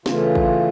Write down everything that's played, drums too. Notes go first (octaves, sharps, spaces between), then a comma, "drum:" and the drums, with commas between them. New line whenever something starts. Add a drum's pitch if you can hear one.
C#3 E3 A3 F4, drum: snare
drum: kick